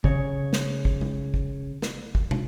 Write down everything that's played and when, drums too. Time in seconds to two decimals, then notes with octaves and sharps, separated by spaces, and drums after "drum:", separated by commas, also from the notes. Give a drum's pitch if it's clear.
0.04 C#3 C#5, drum: kick
0.53 drum: snare
0.85 drum: kick
1.01 drum: tom G#3
1.34 drum: kick
1.82 drum: snare
2.15 drum: kick
2.31 drum: tom